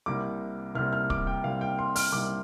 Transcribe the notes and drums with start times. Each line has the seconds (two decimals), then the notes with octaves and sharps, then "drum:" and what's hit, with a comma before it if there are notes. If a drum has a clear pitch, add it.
0.06 C2 C3 G3 A#3 D6
0.75 C2 C3 G3 A#3 F6
0.93 F6
1.10 D6, drum: kick
1.27 G5
1.44 C2 C3 G3 A#3 F5
1.61 G5
1.79 C6
1.96 F6, drum: open hi-hat
2.12 C2 C3 G3 A#3 D6